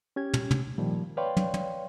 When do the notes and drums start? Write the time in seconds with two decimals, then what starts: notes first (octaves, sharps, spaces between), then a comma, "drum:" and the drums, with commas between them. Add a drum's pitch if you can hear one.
0.16 C#4 G4 G#6
0.34 drum: tom
0.51 drum: tom
0.78 A#2 D#3 F3 G3
1.17 B4 C#5 D5 F5 G5 C6
1.37 drum: tom
1.54 drum: tom